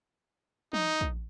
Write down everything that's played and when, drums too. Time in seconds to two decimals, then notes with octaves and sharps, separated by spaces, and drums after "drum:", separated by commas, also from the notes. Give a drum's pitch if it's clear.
0.73 D#4, drum: tom
1.01 drum: kick